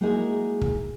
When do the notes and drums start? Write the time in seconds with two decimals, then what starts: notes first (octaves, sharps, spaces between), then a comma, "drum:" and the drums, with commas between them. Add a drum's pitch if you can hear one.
0.01 G#3 A#3 D#4 E4 F#4 G#4
0.61 drum: kick